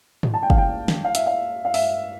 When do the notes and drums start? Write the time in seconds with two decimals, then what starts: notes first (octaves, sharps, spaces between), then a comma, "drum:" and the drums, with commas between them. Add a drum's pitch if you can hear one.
0.23 drum: tom G#2
0.34 A5
0.43 G5
0.50 F5, drum: kick
0.58 G5
0.88 drum: snare
1.05 F5
1.15 E5, drum: hi-hat
1.26 F5
1.65 F5
1.74 E5, drum: open hi-hat